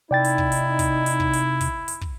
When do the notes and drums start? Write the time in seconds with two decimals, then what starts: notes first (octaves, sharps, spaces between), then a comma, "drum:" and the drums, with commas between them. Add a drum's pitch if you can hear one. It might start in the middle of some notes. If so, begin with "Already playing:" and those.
0.11 C3 D#4 E4 D5 G5 A6
0.24 drum: hi-hat
0.38 drum: kick
0.52 drum: hi-hat
0.79 drum: kick, hi-hat
1.06 drum: hi-hat
1.20 drum: kick
1.33 drum: hi-hat
1.61 drum: kick, hi-hat
1.88 drum: hi-hat
2.01 drum: kick